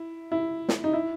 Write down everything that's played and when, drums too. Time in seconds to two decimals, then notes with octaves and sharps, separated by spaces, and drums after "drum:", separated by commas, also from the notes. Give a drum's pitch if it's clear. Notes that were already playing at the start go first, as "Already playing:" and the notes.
Already playing: E4
0.32 E4
0.69 drum: snare
0.84 D#4
0.93 E4